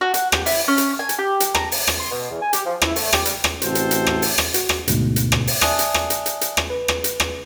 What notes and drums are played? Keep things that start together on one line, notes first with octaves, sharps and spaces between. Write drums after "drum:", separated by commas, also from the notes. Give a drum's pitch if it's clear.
F#4
F#5, drum: hi-hat
G4, drum: rim click
E4, drum: open hi-hat
C#4
drum: hi-hat
G#5
drum: hi-hat
G4
drum: hi-hat
A#5, drum: rim click
drum: open hi-hat
drum: rim click
C6
B2
E2
G#5
G4, drum: hi-hat
F3
E4, drum: rim click
A3, drum: open hi-hat
G4, drum: rim click
G3, drum: hi-hat
drum: rim click
A1 C3 C4 F#4 A4 C5, drum: hi-hat
drum: hi-hat
drum: hi-hat
drum: rim click
drum: open hi-hat
drum: rim click
F#4, drum: hi-hat
drum: rim click
D2 G#2 B2, drum: hi-hat
drum: hi-hat
drum: rim click
drum: open hi-hat
D5 E5 G#5 A5 D#6 F#6, drum: rim click
drum: hi-hat
drum: rim click
drum: hi-hat
drum: hi-hat
drum: hi-hat
drum: rim click
B4
drum: rim click
drum: hi-hat
drum: rim click